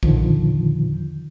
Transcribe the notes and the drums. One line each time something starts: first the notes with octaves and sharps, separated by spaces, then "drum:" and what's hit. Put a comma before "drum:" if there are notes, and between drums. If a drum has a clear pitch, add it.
E2 A#2 D3 D#3 F3, drum: kick A#1